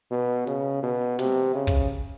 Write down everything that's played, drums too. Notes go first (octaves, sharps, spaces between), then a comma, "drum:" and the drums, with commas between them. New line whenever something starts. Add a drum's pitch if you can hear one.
B2
C#3, drum: hi-hat
B2
C3, drum: snare
C#3
drum: kick